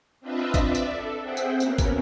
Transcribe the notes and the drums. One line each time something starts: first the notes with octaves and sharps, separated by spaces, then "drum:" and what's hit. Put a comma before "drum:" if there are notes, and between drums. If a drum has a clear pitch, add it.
C4 D4 F4 B4 D#5 E5
D5 E5, drum: kick, tambourine
drum: tambourine
A4
C4 G#4 C5 E5 F#5 G5
drum: tambourine
A#3 B3 C#4 F#4 A#4, drum: tambourine
drum: kick, tambourine